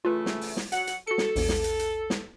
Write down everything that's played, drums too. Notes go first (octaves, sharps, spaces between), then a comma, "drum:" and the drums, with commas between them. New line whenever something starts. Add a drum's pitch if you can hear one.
C#3 E3 A3 F4 B4
drum: snare
drum: open hi-hat
drum: snare
F#3 F#5, drum: hi-hat
drum: hi-hat
F#4 A4 C#7
drum: snare
A#1 E2, drum: open hi-hat
drum: snare
drum: hi-hat
drum: hi-hat
drum: snare